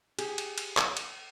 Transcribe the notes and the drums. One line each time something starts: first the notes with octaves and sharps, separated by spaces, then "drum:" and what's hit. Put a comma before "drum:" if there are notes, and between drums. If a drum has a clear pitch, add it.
G4 G#4, drum: cymbal
drum: cymbal
drum: cymbal
drum: clap
drum: cymbal